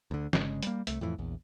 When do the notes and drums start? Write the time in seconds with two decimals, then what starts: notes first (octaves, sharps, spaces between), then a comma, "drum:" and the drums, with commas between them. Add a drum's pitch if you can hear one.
0.11 D2 D3
0.33 G1 C#3 G#3, drum: snare
0.63 G3 A#3, drum: hi-hat
0.87 C2 A3, drum: hi-hat
1.01 F2 A2 E3
1.18 A#1 E2